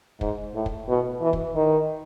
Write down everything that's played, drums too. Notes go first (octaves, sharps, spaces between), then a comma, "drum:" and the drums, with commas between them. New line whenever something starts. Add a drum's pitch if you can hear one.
G#2, drum: kick
A2
drum: kick
B2
E3
drum: kick
D#3